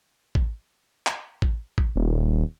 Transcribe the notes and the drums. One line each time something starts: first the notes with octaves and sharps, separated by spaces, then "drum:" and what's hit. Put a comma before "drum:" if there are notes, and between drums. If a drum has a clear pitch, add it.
drum: kick A1
drum: clap
drum: kick A1
drum: kick A1
D#1